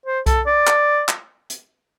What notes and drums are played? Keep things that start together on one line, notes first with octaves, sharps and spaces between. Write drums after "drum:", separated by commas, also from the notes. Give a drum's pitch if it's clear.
C5
A4, drum: kick B1, hi-hat
D5
drum: clap
drum: clap
drum: hi-hat